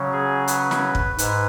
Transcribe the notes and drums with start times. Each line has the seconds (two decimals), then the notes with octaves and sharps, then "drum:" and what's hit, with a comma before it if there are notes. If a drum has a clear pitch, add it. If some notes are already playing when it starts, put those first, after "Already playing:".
Already playing: C#3 F#3 C#4
0.12 G#4
0.48 B4, drum: hi-hat
0.71 drum: snare
0.95 drum: kick
1.18 G#2 B4, drum: hi-hat